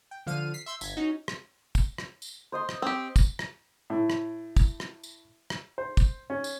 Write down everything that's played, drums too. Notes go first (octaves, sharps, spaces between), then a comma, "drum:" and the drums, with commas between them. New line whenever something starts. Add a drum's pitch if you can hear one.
G5
D3 F3 F5 F6 D#7
B6 C7
E5 C6 E6 G6
G1 G#6 B6, drum: tambourine
C#4 D#4 F#4
drum: rim click
drum: kick, tambourine
drum: rim click
drum: tambourine
C5 D#5 C6
drum: rim click
C4 G4
drum: kick, tambourine
drum: rim click
A2
drum: rim click
drum: kick, tambourine
drum: rim click
drum: tambourine
drum: rim click
C5
drum: kick, tambourine
C#4
drum: tambourine